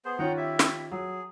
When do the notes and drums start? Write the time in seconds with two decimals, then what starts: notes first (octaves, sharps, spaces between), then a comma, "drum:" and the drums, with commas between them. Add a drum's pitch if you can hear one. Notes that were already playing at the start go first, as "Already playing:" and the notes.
0.05 B3 G#4 C5
0.19 D#3 C#4 F4 F#5 G5 A#5
0.37 E4 G4 E5
0.59 drum: snare
0.91 F#3 G#4